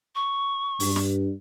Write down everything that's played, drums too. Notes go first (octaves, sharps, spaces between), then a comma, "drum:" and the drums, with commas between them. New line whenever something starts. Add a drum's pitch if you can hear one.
C#6
G2, drum: open hi-hat
drum: snare